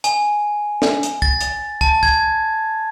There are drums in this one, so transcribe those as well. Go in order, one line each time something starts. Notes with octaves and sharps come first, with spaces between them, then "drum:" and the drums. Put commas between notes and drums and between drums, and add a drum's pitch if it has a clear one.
G#5, drum: hi-hat
drum: snare
drum: hi-hat
A6, drum: kick
drum: hi-hat
A5, drum: kick
G#6, drum: kick